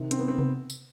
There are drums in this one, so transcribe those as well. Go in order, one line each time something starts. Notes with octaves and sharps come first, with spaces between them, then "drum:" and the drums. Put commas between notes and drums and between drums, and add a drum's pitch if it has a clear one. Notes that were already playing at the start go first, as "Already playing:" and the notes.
Already playing: C3 D#3
C4, drum: hi-hat
B3
C4
B3, drum: tom C3
drum: tambourine